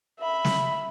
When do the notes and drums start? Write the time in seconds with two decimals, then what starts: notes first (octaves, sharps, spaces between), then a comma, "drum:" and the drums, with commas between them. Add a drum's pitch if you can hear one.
0.19 E5 B5
0.45 drum: snare